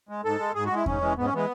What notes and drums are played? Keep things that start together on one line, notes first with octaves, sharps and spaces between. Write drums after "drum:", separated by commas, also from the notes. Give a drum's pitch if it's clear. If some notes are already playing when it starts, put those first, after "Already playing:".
G#3
G#2 A4
G#3
G#2 G#4
F#4
G#3 E4
G#2 C#4, drum: kick E2
E3 G#3
G#2 B3
C#4
E3 G#3 B3